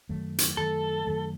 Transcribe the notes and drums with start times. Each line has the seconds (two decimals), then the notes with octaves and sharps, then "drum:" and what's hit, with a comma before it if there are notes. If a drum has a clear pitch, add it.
0.09 F#2 D#3 F#3 A3
0.38 drum: hi-hat
0.57 F#2 D#3 F#3 A3 A4
1.05 F#2 D#3 F#3 A3